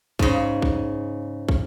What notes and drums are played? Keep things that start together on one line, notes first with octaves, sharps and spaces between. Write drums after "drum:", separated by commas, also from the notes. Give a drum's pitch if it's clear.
G#2 C#3, drum: kick
drum: kick
drum: kick